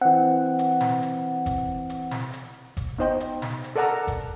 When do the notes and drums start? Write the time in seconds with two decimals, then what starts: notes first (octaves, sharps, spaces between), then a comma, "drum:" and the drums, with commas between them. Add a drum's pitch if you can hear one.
0.01 E3 C4 F#5
0.59 drum: hi-hat
0.81 drum: snare
1.02 drum: hi-hat
1.46 drum: kick G1, hi-hat
1.90 drum: hi-hat
2.11 drum: snare
2.33 drum: hi-hat
2.77 drum: kick G1, hi-hat
2.98 B3 D#4 C5 D#5 G5
3.20 drum: hi-hat
3.42 drum: snare
3.64 drum: hi-hat
3.76 A4 A#4 D5 F#5 A5 A#5
4.07 drum: kick G1, hi-hat